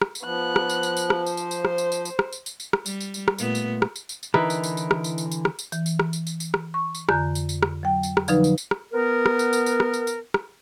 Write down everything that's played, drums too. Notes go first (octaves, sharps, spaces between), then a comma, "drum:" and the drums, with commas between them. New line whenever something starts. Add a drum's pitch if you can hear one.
drum: rim click
drum: tambourine
F3 B3 F#6
drum: rim click
drum: tambourine
drum: tambourine
drum: tambourine
drum: rim click
C5, drum: tambourine
drum: tambourine
drum: tambourine
drum: rim click
drum: tambourine
drum: tambourine
drum: tambourine
drum: rim click
drum: tambourine
drum: tambourine
drum: tambourine
drum: rim click
G3, drum: tambourine
drum: tambourine
drum: tambourine
drum: rim click
A#2 A3 B3, drum: tambourine
drum: tambourine
drum: rim click
drum: tambourine
drum: tambourine
drum: tambourine
D3 E3 D#4 E4 A#4 B4, drum: rim click
drum: tambourine
drum: tambourine
drum: tambourine
drum: rim click
drum: tambourine
drum: tambourine
drum: tambourine
drum: rim click
drum: tambourine
E3, drum: tambourine
drum: tambourine
drum: rim click
drum: tambourine
drum: tambourine
drum: tambourine
drum: rim click
C#6
drum: tambourine
F2 D3 A#5 F#6 G6, drum: rim click
drum: tambourine
drum: tambourine
drum: rim click
F#3 G5
drum: tambourine
drum: rim click
D3 F3 F#3 D#4 B4, drum: tambourine
drum: tambourine
drum: tambourine
drum: rim click
B3 A#4
drum: rim click
drum: tambourine
drum: tambourine
drum: tambourine
drum: rim click
drum: tambourine
drum: tambourine
drum: rim click